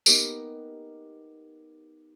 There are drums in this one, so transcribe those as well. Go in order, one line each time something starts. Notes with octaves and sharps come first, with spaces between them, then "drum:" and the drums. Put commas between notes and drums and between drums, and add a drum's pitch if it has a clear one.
B3 D#4 G4 A#4, drum: tambourine